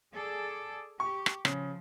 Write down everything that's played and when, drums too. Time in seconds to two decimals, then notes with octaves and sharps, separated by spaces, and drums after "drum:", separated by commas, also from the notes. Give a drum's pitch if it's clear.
0.14 G#4 A4 D5
1.00 G4 C#6
1.26 drum: rim click
1.45 C#3 F3, drum: rim click